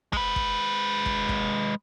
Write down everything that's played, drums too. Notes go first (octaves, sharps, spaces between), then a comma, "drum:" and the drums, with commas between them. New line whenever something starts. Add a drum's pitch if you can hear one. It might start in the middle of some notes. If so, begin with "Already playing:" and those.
G#3 B4, drum: kick
drum: kick
drum: kick
drum: kick